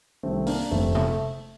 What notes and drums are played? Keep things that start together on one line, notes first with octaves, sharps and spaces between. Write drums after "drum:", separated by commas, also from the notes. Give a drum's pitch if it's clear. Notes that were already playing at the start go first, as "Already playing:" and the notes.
C2 C3 D#3 A3 C4
A#3 D4, drum: open hi-hat
F1 F2 D3 A3 C4
A3, drum: tom C3